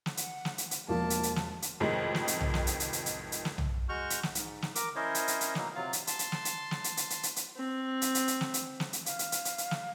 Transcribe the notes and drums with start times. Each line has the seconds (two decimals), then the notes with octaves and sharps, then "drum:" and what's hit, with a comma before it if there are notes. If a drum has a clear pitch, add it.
0.06 drum: snare
0.17 F#5, drum: hi-hat
0.45 drum: snare
0.58 drum: hi-hat
0.71 drum: hi-hat
0.89 E1 F3 A#3 A5
1.10 drum: hi-hat
1.23 drum: hi-hat
1.36 drum: snare
1.62 drum: hi-hat
1.80 A1 F2 C3 D#3 G#3
2.15 drum: snare
2.28 drum: hi-hat
2.41 drum: tom B1
2.54 drum: snare
2.67 drum: hi-hat
2.80 drum: hi-hat
2.93 drum: hi-hat
3.06 drum: hi-hat
3.32 drum: hi-hat
3.45 drum: snare
3.58 drum: tom B1
3.89 G#3 F#4 C#6 F6 G6
4.10 drum: hi-hat
4.23 drum: snare
4.35 G#2, drum: hi-hat
4.62 drum: snare
4.75 A#4 D6, drum: hi-hat
4.96 C#4 E4 A#4 C5 C#5 D#5
5.15 drum: hi-hat
5.28 drum: hi-hat
5.41 drum: hi-hat
5.55 B2 F#3 A#3 D#4, drum: snare
5.75 C3 F#3 F4 F5
5.93 drum: hi-hat
6.07 A5 C6, drum: hi-hat
6.19 drum: hi-hat
6.32 drum: snare
6.45 drum: hi-hat
6.71 drum: snare
6.84 drum: hi-hat
6.97 drum: hi-hat
7.10 drum: hi-hat
7.23 drum: hi-hat
7.36 drum: hi-hat
7.57 C4
8.02 drum: hi-hat
8.15 drum: hi-hat
8.28 drum: hi-hat
8.41 drum: snare
8.54 drum: hi-hat
8.80 drum: snare
8.93 drum: hi-hat
9.06 F5, drum: hi-hat
9.19 drum: hi-hat
9.32 drum: hi-hat
9.45 drum: hi-hat
9.58 drum: hi-hat
9.71 drum: snare